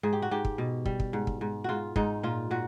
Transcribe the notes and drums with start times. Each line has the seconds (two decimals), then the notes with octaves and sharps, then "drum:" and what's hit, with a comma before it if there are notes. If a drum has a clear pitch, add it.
0.03 G#2 G#4
0.13 G4
0.22 F#4
0.31 G#2 G4
0.45 drum: kick
0.58 B2
0.86 G3, drum: kick
1.00 drum: kick
1.13 G#2
1.27 drum: kick
1.41 G#2
1.64 G#2 F4 F#4
1.96 G#2 D#4, drum: kick
2.23 A#2 F4
2.51 A#2 F#4